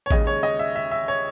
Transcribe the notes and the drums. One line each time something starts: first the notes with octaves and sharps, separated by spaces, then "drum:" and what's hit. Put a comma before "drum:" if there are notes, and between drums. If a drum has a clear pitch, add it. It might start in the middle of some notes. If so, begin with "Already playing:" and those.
C#5
D#2 C#3 G#3 D#5, drum: kick A1
C#5
D#5
E5
E5
E5
C#5